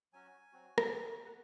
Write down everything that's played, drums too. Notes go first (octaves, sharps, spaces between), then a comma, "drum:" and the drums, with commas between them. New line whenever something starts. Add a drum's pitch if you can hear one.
F#3 C#4 F#4 G#5
F#3 C4 F#4
drum: rim click
F#3 C4 F#4
F#5